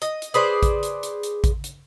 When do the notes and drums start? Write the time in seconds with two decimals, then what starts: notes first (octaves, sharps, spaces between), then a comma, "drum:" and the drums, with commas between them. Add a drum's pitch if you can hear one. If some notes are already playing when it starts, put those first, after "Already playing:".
0.02 D#5, drum: hi-hat
0.22 drum: hi-hat
0.34 G#4 B4 C5 D5
0.63 drum: kick A1, hi-hat
0.83 drum: hi-hat
1.03 drum: hi-hat
1.23 drum: hi-hat
1.44 drum: kick A1, hi-hat
1.64 drum: hi-hat